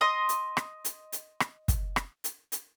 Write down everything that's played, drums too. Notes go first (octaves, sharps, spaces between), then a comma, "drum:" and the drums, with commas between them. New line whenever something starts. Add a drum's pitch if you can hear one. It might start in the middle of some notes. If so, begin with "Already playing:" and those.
D#5 C6 D#6
drum: hi-hat
drum: rim click
drum: hi-hat
drum: hi-hat
drum: rim click
drum: kick, hi-hat
drum: rim click
drum: hi-hat
drum: hi-hat